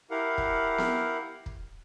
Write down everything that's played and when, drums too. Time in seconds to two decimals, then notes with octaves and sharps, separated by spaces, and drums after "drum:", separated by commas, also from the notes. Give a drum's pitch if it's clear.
0.11 E4 G4 A#4 F5 F#5
0.38 drum: kick
0.78 drum: snare B3
1.46 drum: kick